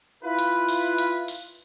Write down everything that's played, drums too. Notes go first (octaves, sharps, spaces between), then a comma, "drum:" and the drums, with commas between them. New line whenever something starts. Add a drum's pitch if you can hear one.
E4 F4 B4
drum: hi-hat
drum: open hi-hat
drum: hi-hat
drum: open hi-hat